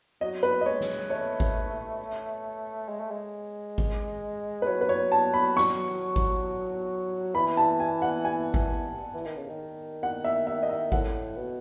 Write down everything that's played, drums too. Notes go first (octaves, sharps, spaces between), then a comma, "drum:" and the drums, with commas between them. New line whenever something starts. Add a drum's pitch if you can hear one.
F#3 D#5
B4
D#5
G#3 C#5
drum: snare
A3 C#5
drum: kick G#1
G#3
A3
G#3
drum: kick G#1
B4
F#3 C#5
B4
C#5
A5
B5
C#6, drum: snare
drum: kick G#1
E3 B5
A5
G#5
F#5
G#5
drum: kick G#1
E3
D#3
C#3
D#3
F#5
E5
E5
D#5
E5
A2 F#5, drum: kick G#1
B2